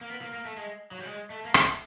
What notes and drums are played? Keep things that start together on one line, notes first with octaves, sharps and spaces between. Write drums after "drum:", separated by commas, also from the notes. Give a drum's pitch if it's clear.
A#3
B3
A#3
A#3
A3
G#3
F#3
G3
G#3
A3
A#3
A3, drum: rim click